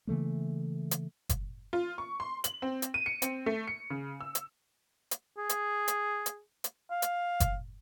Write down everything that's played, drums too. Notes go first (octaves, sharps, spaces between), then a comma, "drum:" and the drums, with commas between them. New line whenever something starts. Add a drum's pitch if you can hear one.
C#3 E3 A3 A#3
drum: hi-hat
drum: kick F#1, hi-hat
F4
C#6
C6
F#7, drum: hi-hat
C4
drum: hi-hat
D#7
C#7
C4, drum: hi-hat
A3
C#7
C#3
E6
drum: hi-hat
drum: hi-hat
G#4
drum: hi-hat
drum: hi-hat
drum: hi-hat
drum: hi-hat
F5
drum: hi-hat
drum: kick F#1, hi-hat